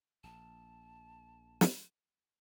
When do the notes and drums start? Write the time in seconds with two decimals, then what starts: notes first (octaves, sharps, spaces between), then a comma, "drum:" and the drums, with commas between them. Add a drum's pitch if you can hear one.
0.24 A#1 A5
1.61 drum: snare